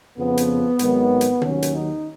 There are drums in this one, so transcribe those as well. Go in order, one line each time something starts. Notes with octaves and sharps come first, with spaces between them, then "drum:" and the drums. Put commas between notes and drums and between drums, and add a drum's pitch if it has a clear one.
F2 C#3 F3 B3
drum: hi-hat
G#1 G#2 D#3 F#3, drum: hi-hat
drum: hi-hat
D#2 D#3 F#3 C#4, drum: tom
drum: hi-hat
D#4